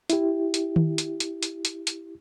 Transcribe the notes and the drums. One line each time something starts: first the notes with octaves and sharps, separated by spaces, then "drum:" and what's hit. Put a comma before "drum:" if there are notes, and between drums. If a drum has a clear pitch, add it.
E4 G4, drum: hi-hat
drum: hi-hat
drum: tom D#3
drum: hi-hat
drum: hi-hat
drum: hi-hat
drum: hi-hat
drum: hi-hat